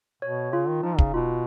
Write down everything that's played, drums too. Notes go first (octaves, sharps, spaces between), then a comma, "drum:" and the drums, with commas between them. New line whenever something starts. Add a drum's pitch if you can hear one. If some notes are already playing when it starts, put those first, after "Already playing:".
B2 C#5
C#3 F4
D#3
F3 D#4
C#3, drum: kick
B2 F4